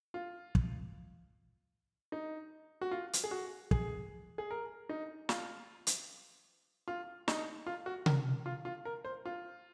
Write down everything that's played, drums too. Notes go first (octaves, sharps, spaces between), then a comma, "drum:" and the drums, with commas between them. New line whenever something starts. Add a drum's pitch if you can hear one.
F4
drum: kick
D#4
F#4
F4
drum: hi-hat
G#4
F#4
G#4, drum: kick
G#4
A#4
D#4
F4, drum: snare
drum: hi-hat
F4
D#4, drum: snare
F4
F#4
A#4, drum: tom C3
F4
F4
A#4
C5
F4